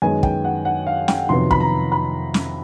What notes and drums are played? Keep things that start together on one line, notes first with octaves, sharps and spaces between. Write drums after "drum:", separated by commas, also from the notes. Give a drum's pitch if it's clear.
F#2 D#3 G#3 B3 G#5
G5, drum: kick
F#5
F#5
F5
G5, drum: snare
F2 C3 D#3 F#3 B3 C6
B5, drum: kick
A#5
B5
drum: snare